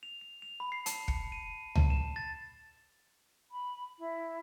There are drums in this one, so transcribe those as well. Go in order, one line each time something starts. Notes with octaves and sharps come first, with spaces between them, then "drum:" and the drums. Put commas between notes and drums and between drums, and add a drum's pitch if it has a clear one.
F7
F7
F7
B5
C7
A5, drum: hi-hat
C#7, drum: kick
D#7
A5, drum: tom C#2
E7
A6
B5
E4